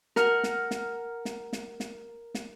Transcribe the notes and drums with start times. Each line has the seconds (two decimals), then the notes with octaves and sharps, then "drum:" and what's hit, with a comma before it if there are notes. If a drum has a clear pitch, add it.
0.16 A#4 F#5 F6, drum: snare
0.43 drum: snare
0.71 drum: snare
1.25 drum: snare
1.53 drum: snare
1.80 drum: snare
2.34 drum: snare